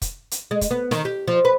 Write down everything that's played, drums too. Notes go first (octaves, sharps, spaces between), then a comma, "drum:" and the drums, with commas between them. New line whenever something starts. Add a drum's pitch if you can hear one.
drum: kick, hi-hat
drum: hi-hat
G#3
drum: kick, hi-hat
B3
D#3, drum: snare
G4
F3
B4